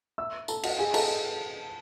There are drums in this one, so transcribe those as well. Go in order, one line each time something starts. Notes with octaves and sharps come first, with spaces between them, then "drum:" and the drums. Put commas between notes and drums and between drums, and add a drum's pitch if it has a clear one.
E5 E6
A4 A5, drum: tambourine
F#4 F#5, drum: cymbal
G#4 G#5
A4 A5, drum: cymbal